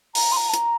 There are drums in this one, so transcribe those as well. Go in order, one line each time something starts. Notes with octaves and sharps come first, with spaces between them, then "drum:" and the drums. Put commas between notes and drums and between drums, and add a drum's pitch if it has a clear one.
A#5, drum: open hi-hat
C6
A#5
A5
A#5, drum: hi-hat